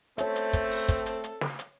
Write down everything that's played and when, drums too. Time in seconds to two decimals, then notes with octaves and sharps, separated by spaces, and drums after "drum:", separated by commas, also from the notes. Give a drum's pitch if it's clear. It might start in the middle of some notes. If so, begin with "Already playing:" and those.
0.18 A3 C4 A4 C#5 E5, drum: hi-hat
0.36 drum: hi-hat
0.53 drum: kick, hi-hat
0.71 drum: open hi-hat
0.89 drum: kick, hi-hat
1.06 drum: hi-hat
1.24 drum: hi-hat
1.41 drum: snare
1.59 drum: hi-hat